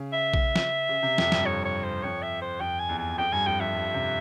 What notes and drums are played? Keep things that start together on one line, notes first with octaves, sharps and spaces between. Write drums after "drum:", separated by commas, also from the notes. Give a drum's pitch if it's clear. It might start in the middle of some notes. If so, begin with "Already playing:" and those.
Already playing: C#3
E5
drum: kick A#1
drum: snare
C#3
C3
F2, drum: snare
G2, drum: snare
F2 C#5
C#5
C5
F2 C#5
E5
C5
F2 G5
G#5
E2
G#5
F2 G5
G2 G#5
F2 G5
F2 E5
G2
C3